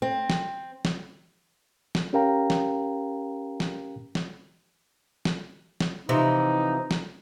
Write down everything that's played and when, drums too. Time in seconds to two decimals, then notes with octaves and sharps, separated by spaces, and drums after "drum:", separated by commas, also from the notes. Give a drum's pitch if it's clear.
0.02 C4
0.30 drum: snare
0.85 drum: snare
1.95 drum: snare
2.13 C#4 G4 A#4 F5 G5 A#5
2.50 drum: snare
3.60 drum: snare
4.15 drum: snare
5.25 drum: snare
5.80 drum: snare
6.09 C3 E3 F3 D#4
6.91 drum: snare